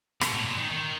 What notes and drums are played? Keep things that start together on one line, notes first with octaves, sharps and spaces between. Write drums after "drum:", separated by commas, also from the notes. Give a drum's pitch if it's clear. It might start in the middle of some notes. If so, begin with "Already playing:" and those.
B2, drum: rim click
A2
A#2
D#3
D#3